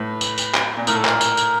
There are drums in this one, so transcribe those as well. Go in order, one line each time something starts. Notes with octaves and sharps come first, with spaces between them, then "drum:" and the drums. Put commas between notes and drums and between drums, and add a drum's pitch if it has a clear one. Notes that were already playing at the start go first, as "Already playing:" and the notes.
Already playing: A2 B4
drum: tambourine
drum: tambourine
drum: clap
A#2
A2 A#4, drum: tambourine
A4
A#4, drum: clap
drum: tambourine
drum: tambourine